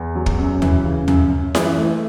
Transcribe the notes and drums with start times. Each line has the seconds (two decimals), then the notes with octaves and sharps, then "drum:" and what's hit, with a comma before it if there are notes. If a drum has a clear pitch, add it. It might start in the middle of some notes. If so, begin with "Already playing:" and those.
Already playing: E2
0.15 F#3
0.26 drum: kick
0.38 F#2
0.62 E3, drum: tom D#2
0.85 C#3
1.08 F#2, drum: tom D#2
1.31 F#2
1.55 E3, drum: snare E4
1.78 A3